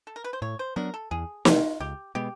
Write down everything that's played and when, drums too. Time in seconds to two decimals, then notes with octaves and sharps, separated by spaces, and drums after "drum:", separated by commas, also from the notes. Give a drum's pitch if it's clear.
0.07 A4
0.16 A#4
0.24 B4
0.33 C5
0.42 A2 C#5
0.59 C5
0.76 F#3 B3 D4 A#4
0.94 A4
1.11 E2 G#4
1.45 C3 E3 A3 F4, drum: snare
1.80 C#2 G4
2.15 B2 G#3 B3 G4